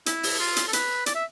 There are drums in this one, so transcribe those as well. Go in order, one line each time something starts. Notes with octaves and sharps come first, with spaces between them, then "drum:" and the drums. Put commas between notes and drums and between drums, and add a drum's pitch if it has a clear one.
E4, drum: hi-hat
drum: open hi-hat
F4
drum: hi-hat
A4
B4, drum: hi-hat
D5, drum: hi-hat
E5